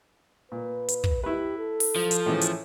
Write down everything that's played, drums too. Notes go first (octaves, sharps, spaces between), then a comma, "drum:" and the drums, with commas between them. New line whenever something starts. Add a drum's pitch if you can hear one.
A#2 B4
drum: hi-hat
drum: kick
E4 G4 B4
A4
drum: open hi-hat
F3
drum: hi-hat
A2 C#3 E3
drum: hi-hat